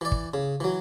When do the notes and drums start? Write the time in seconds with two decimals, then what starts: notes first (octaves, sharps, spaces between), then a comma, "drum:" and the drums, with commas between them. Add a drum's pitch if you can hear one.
0.01 E3 D5
0.12 drum: kick
0.34 C#3
0.60 E3 F#3